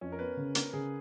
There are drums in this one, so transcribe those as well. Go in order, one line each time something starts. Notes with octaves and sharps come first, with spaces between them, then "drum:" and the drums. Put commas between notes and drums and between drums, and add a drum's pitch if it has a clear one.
F2 C#4
A#4
B3 B4
C#3
B3 A#4, drum: hi-hat
C#3 G#4